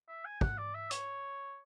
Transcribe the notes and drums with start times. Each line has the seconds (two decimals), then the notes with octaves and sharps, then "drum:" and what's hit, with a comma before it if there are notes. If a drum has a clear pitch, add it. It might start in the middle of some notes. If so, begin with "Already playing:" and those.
0.08 E5
0.25 G#5
0.41 F#5, drum: kick
0.58 D5
0.74 E5
0.91 C#5, drum: hi-hat